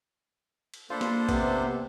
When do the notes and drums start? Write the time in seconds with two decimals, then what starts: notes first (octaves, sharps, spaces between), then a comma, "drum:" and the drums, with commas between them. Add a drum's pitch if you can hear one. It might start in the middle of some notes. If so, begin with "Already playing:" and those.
0.74 drum: cymbal
0.90 A#3 D4 F4 A4 C5 B5
1.01 drum: snare
1.29 C3 B3, drum: kick A#1, cymbal